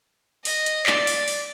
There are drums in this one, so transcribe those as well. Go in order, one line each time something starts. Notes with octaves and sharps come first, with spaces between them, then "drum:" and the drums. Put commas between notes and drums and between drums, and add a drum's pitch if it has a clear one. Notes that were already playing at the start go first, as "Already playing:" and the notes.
D#5, drum: open hi-hat
drum: hi-hat
D5, drum: clap
drum: open hi-hat
drum: open hi-hat